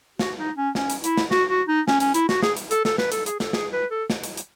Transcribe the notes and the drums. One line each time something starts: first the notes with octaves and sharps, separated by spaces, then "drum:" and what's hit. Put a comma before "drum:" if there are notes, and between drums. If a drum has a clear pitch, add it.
F#4, drum: snare
D#4
C#4
C#4, drum: snare
drum: hi-hat
E4, drum: hi-hat
drum: snare
F#4, drum: snare
F#4
D#4
C#4, drum: snare
C#4, drum: hi-hat
E4, drum: hi-hat
F#4, drum: snare
G#4, drum: snare
drum: hi-hat
A4, drum: hi-hat
A4, drum: snare
B4, drum: snare
A4, drum: hi-hat
G#4, drum: hi-hat
A4, drum: snare
G#4, drum: snare
B4
A4
drum: snare
drum: hi-hat
drum: hi-hat